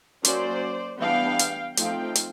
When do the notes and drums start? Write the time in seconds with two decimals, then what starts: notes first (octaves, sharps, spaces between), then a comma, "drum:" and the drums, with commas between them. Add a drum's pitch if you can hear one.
0.25 F#3 A#3 C#4 C5 D5, drum: hi-hat
1.01 E3 G3 B3 D4 F5 G5
1.39 drum: hi-hat
1.77 F3 A3 C4 D#4 F5 G5, drum: hi-hat
2.15 drum: hi-hat